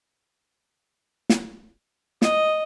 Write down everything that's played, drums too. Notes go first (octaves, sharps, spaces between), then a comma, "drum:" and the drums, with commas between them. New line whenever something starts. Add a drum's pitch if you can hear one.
drum: snare
D#5, drum: snare